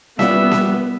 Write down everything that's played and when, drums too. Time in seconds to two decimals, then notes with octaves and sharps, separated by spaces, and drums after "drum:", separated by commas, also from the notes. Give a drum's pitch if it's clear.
0.19 G3 B3 C#4 E4 F4 E5, drum: snare A#3
0.51 drum: snare A#3